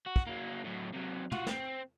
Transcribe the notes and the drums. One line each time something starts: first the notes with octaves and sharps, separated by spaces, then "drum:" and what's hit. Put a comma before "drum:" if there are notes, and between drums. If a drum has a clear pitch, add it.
F#4
drum: kick
F#3 A#3
A2 F#3
C3 F#3
F4 F#4, drum: tom
C4, drum: snare